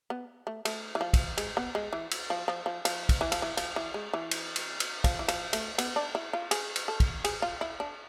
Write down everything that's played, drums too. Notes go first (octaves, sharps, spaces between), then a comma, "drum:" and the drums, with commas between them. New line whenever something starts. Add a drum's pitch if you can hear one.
B3
A3
A3, drum: cymbal
E3
F3
drum: kick, cymbal
G#3, drum: cymbal
B3
G#3
E3
drum: cymbal
F3
F3
F3
F3, drum: cymbal
drum: kick, cymbal
E3
F3, drum: cymbal
E3
F3, drum: cymbal
E3
G#3
E3
drum: cymbal
drum: cymbal
drum: cymbal
F3, drum: kick, cymbal
E3
F3, drum: cymbal
A3, drum: cymbal
B3, drum: cymbal
D4
E4
F4
G#4, drum: cymbal
drum: cymbal
A4
drum: kick, cymbal
G#4, drum: cymbal
F4
E4
D4